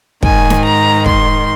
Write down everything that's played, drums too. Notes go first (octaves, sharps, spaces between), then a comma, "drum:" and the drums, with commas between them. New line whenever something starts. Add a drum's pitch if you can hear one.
G#2 D#3 G#5, drum: kick
drum: snare
A#5
C6, drum: kick